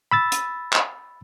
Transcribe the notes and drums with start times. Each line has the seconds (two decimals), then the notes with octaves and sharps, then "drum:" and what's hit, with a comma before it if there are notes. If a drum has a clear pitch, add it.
0.11 B5 E6 A6
0.32 drum: hi-hat
0.73 drum: clap